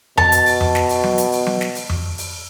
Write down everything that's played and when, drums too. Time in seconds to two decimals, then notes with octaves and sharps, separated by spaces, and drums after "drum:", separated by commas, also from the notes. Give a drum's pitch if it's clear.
0.18 B2 A5, drum: tom F2
0.32 drum: hi-hat
0.46 drum: open hi-hat
0.61 drum: tom F2
0.75 drum: snare
0.89 drum: open hi-hat
1.04 drum: tom F#3
1.18 drum: hi-hat
1.32 drum: open hi-hat
1.47 drum: tom F#3
1.61 drum: snare
1.75 drum: open hi-hat
1.89 drum: tom F2
2.18 drum: open hi-hat